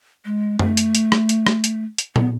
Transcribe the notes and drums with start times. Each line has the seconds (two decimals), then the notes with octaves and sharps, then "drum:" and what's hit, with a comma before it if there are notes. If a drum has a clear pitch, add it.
0.25 G#3
0.59 A3, drum: tom F#2
0.77 drum: hi-hat
0.95 drum: hi-hat
1.12 drum: rim click
1.29 drum: hi-hat
1.47 drum: rim click
1.64 drum: hi-hat
1.98 drum: hi-hat
2.16 B3, drum: tom A#2